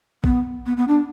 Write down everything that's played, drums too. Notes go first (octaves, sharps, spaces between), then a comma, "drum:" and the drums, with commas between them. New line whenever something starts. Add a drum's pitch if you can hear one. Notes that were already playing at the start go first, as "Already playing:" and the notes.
B3, drum: kick
B3
B3
D4